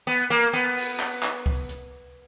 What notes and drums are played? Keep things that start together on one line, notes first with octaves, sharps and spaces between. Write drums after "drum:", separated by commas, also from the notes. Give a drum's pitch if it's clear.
B3
A#3, drum: hi-hat
B3
drum: open hi-hat
drum: clap
drum: clap
drum: kick C#2
drum: hi-hat